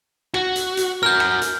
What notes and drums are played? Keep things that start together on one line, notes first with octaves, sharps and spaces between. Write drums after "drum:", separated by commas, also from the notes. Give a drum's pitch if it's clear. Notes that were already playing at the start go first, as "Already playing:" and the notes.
F#4, drum: rim click
drum: hi-hat
drum: hi-hat
F#4 A#4 F6 G6
drum: rim click
drum: hi-hat